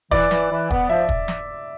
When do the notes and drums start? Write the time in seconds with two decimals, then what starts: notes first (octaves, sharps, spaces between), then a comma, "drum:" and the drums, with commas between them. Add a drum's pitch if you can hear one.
0.11 E3 D5, drum: kick
0.31 E3, drum: snare
0.51 E3
0.70 B3, drum: kick
0.89 F3 E5
1.09 drum: kick
1.28 drum: snare